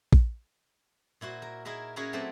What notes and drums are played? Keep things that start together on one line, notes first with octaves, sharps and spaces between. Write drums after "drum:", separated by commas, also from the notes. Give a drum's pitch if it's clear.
drum: kick A#1
A#2 E4 F#4 C5
A#4
D#4 E4 G#4 A#4 E5
C#4 E4 F#4 G#4 A#4 C#5
F#3 A3 C4 B4 C5 D5